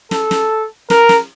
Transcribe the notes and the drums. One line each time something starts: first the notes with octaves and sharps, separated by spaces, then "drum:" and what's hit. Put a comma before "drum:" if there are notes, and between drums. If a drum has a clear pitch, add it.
A4, drum: snare
drum: snare
A#4, drum: snare
drum: snare